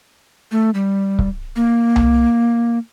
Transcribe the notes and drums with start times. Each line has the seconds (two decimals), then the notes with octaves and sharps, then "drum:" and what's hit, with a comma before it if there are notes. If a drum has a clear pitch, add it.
0.52 A3
0.74 G3
1.19 drum: kick C#1
1.56 A#3
1.96 drum: tom C2